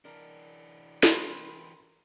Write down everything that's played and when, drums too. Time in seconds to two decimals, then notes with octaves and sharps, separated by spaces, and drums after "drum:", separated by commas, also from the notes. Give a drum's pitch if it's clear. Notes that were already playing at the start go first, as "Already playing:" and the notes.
0.05 E3 D4 A#4
1.03 A#4 B5 C6, drum: snare